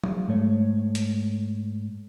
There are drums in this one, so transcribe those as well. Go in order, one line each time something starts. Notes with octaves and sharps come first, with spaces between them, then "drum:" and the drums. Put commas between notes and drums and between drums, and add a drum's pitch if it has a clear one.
drum: tom F#3
G#2 A3 C#5
drum: hi-hat